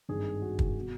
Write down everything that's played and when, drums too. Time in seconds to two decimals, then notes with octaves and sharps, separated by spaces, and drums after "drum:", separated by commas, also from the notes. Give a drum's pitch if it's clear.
0.09 G#1 G2 D#3 G#4
0.42 F#4
0.59 drum: kick
0.79 B2